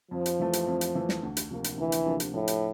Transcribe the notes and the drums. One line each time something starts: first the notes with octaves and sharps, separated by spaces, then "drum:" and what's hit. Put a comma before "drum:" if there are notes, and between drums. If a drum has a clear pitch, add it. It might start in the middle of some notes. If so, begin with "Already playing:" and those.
F2 F3
drum: hi-hat
E3 A3
drum: hi-hat
F2
drum: hi-hat
E3 A3
drum: snare
D2
drum: hi-hat
C3 F3 A#3 D4
drum: hi-hat
D2 E3
drum: hi-hat
C3 F3 A#3 D4
drum: hi-hat
A2 F3
drum: hi-hat